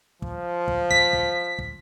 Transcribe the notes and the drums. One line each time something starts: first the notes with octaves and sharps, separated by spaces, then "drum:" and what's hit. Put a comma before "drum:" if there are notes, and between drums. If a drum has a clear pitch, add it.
F3, drum: kick
drum: kick
B6, drum: kick
drum: kick
drum: kick